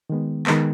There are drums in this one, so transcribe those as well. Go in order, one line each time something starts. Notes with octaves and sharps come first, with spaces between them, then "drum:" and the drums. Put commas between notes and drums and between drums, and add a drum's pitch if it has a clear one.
D#3 G#3 B3
D#3 G#3 B3, drum: clap